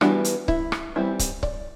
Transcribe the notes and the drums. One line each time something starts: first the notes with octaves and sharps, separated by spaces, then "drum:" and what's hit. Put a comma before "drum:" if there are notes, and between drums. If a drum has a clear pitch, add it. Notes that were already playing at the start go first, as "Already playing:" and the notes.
E3 G3 B3 D4 F#4, drum: rim click
drum: hi-hat
E4, drum: kick C#1
drum: rim click
E3 G3 C4 E4
drum: kick C#1, hi-hat
D5, drum: kick C#1